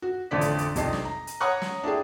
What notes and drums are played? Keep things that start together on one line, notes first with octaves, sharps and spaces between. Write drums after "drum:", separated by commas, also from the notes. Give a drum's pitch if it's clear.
F#4
A1 F2 D3 D5 B6
drum: hi-hat
drum: hi-hat
F2 C3 D4 D#4 C7, drum: kick, hi-hat
drum: snare
A#5
drum: hi-hat
C#5 F#5 A#5 C#6 D#6 F#6
drum: snare
D4 E4 G4 G#4